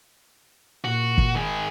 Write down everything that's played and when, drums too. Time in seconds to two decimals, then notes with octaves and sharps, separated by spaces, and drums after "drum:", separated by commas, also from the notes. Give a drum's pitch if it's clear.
0.84 A#2 F#4
1.18 drum: kick
1.35 D#3 G#4